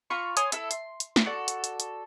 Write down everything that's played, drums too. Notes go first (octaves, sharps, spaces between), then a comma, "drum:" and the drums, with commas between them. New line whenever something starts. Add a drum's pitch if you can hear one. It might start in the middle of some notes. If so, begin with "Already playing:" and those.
F4 A#5 B5 C#6
C#5 G#5 C6 D#6, drum: hi-hat
E4 A4 E6, drum: hi-hat
C6, drum: hi-hat
drum: hi-hat
drum: snare
F#4 A4 D5
drum: hi-hat
drum: hi-hat
drum: hi-hat